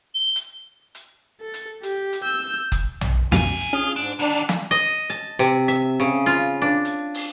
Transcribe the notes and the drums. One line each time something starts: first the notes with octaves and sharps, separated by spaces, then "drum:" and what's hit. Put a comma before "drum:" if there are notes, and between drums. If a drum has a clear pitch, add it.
G7
drum: hi-hat
drum: hi-hat
A4
drum: hi-hat
G4, drum: hi-hat
drum: hi-hat
E6 G6
drum: kick F#1, hi-hat
drum: tom A#1
C#2 F#2 B2 F4 G#5, drum: snare
drum: hi-hat
C#4 F4 G#4
G#2 D4
D3 D#3 D4, drum: hi-hat
drum: snare
D#5
A5, drum: hi-hat
C3, drum: hi-hat
E5, drum: hi-hat
C#3
F4, drum: hi-hat
D4
drum: hi-hat
drum: open hi-hat